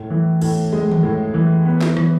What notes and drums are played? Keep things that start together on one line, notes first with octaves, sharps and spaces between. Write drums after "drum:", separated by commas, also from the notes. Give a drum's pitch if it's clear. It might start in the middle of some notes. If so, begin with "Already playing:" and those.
Already playing: A2
E3
A2, drum: cymbal
G#3
drum: tom D#3
A2
E3
B3
drum: snare
E3, drum: rim click